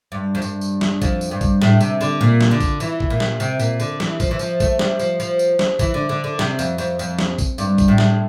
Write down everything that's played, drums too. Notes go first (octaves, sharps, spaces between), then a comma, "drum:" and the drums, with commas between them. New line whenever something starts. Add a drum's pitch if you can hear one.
G2
F2
G2, drum: tambourine
drum: tambourine
drum: snare
F2, drum: kick, tambourine
drum: tambourine
G2
drum: kick, tambourine
A2, drum: snare
C3, drum: tambourine
D3, drum: tambourine
A#2
drum: snare
D3
drum: kick, tambourine
E3, drum: tambourine
drum: kick
A#2
drum: snare
C3, drum: tambourine
A#2, drum: tambourine
D3, drum: tambourine
E3, drum: snare
F3, drum: kick, tambourine
E3
F3, drum: tambourine
A3, drum: kick, tambourine
G3, drum: snare
F3, drum: tambourine
F3, drum: tambourine
drum: tambourine
drum: snare
E3, drum: kick, tambourine
D3
D3
D3
C3, drum: snare
F2, drum: tambourine
F2, drum: tambourine
F2, drum: tambourine
drum: snare
drum: kick, tambourine
G2, drum: tambourine
drum: kick, tambourine
A2
drum: snare